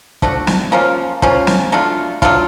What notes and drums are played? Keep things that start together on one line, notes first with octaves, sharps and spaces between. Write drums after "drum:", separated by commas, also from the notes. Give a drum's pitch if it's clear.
F3 A3 D4 F#4, drum: kick
drum: snare
F3 A#3 C#4 F4
F3 A#3 C#4 F4, drum: kick
drum: snare
F#3 A3 D4 F4
F#3 A3 D4 F4, drum: kick